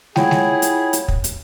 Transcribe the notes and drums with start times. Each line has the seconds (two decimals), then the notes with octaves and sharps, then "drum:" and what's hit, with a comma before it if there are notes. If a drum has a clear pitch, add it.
0.16 E4 F4 G#4 C#5 F#5 G5, drum: snare
0.31 drum: snare
0.62 drum: hi-hat
0.93 drum: hi-hat
1.08 drum: kick
1.24 drum: hi-hat